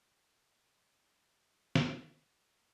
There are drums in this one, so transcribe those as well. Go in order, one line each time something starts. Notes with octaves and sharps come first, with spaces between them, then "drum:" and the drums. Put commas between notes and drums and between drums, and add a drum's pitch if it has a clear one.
G#3 C4 F#4 A4
drum: snare